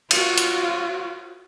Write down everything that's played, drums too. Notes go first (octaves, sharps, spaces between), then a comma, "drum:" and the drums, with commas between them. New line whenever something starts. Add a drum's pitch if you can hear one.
F4 F#4, drum: cymbal
drum: hi-hat